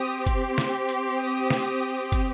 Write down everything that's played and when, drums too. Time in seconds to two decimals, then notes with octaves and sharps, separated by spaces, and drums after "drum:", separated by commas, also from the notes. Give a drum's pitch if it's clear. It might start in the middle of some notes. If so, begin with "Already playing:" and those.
Already playing: C4 G4 D#6
0.27 C6, drum: kick, hi-hat
0.58 drum: snare
0.89 drum: hi-hat
1.20 D#6
1.50 drum: snare
2.12 drum: kick, hi-hat